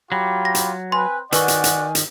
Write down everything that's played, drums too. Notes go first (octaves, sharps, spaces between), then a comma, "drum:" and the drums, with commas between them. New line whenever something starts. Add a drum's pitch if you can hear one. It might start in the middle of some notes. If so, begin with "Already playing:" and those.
F#3 F4 G4 B5
A#6
drum: hi-hat
C4 B4 G#5 C6
D#3 F#4 B4 D5 F#5 G#5 C#6, drum: hi-hat
drum: hi-hat
drum: hi-hat
drum: hi-hat